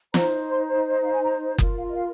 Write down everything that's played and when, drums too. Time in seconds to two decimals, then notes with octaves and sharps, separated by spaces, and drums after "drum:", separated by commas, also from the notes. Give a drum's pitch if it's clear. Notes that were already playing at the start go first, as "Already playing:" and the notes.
0.14 D#4 C5 A#5, drum: snare
0.50 C6
0.92 D#5
1.03 F5
1.13 G#5
1.22 A#5
1.58 F4 A#4, drum: kick F#1
1.77 F5
1.89 D#5
1.95 F5